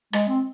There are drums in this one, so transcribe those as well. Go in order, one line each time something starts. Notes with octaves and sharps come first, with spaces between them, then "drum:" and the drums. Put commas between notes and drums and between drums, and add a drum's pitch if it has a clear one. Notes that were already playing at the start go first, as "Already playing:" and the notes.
G#3, drum: rim click
C4